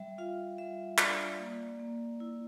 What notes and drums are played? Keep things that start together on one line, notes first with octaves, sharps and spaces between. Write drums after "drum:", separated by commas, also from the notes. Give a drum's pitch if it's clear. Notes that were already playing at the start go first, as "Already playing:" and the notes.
Already playing: G3 E5
F4 F5
G3 E5
D4 D5, drum: clap
A#3
A#3
E4